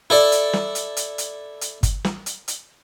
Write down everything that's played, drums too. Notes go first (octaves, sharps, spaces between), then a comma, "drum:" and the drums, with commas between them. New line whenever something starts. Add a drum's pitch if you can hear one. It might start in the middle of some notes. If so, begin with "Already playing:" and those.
E4 A4 D5
drum: hi-hat
drum: snare
drum: hi-hat
drum: hi-hat
drum: hi-hat
drum: hi-hat
drum: kick, hi-hat
drum: snare
drum: hi-hat
drum: hi-hat